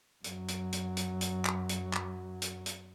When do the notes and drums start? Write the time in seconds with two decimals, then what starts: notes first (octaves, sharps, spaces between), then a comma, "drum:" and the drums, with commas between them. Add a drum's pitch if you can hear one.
0.24 F#2 F#3, drum: hi-hat
0.48 drum: hi-hat
0.73 drum: hi-hat
0.97 drum: hi-hat
1.21 drum: hi-hat
1.45 drum: clap
1.69 drum: hi-hat
1.93 drum: clap
2.42 drum: hi-hat
2.66 drum: hi-hat